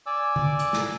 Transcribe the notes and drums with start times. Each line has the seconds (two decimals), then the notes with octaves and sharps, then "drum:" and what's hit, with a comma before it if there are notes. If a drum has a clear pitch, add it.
0.06 D5 G#5 D6 E6
0.36 drum: tom D3
0.59 drum: hi-hat
0.73 drum: snare